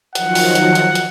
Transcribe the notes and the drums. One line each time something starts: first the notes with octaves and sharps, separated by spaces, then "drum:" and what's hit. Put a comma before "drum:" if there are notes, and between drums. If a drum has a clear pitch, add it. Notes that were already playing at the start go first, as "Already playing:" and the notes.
D#3 F3 F#3 F#5, drum: hi-hat
drum: open hi-hat
drum: hi-hat
drum: hi-hat
drum: hi-hat